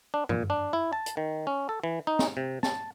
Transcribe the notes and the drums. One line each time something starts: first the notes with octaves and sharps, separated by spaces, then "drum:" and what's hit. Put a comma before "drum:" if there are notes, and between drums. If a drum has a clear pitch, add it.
D4
A#2, drum: tom F#2
D4
E4
A5
drum: hi-hat
D#3
C#4
A4
E3
D#4
drum: snare
C3
A5, drum: snare